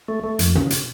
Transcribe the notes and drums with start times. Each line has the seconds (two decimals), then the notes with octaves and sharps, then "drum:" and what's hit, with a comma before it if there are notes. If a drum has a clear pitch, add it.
0.08 A3
0.24 A3
0.39 F2, drum: hi-hat
0.55 C#3, drum: tom
0.70 drum: hi-hat